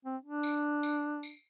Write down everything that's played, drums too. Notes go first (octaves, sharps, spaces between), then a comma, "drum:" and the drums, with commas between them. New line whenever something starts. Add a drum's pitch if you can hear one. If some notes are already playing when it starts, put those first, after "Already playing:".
C4
D4
drum: tambourine
drum: tambourine
drum: tambourine